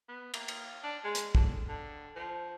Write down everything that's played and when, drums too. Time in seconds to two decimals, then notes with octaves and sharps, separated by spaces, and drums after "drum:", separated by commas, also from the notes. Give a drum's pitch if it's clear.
0.09 B3
0.34 A#3, drum: cymbal
0.48 drum: cymbal
0.84 D4
1.05 G#3
1.15 drum: hi-hat
1.35 D3, drum: kick
1.68 D3
2.16 F3